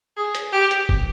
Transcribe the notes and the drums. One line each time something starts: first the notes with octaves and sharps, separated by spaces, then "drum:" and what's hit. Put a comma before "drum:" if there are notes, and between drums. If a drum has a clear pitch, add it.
G#4
drum: hi-hat
G4
drum: hi-hat
drum: kick F1